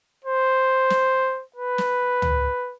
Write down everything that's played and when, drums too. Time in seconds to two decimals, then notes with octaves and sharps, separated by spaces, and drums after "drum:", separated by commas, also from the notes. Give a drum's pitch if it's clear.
0.25 C5
0.90 drum: snare
1.56 B4
1.78 drum: snare
2.22 drum: tom